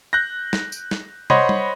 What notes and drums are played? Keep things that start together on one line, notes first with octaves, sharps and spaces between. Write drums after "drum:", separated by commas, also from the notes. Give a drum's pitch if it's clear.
F#6 G6 A#6
drum: snare
drum: tambourine
drum: snare
C5 C#5 D#5 F#5 B5 C6, drum: tom
drum: tom G3